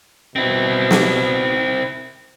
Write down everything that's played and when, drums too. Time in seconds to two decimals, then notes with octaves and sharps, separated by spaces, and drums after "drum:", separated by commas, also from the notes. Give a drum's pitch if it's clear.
0.36 B2 C4 E4
0.91 drum: snare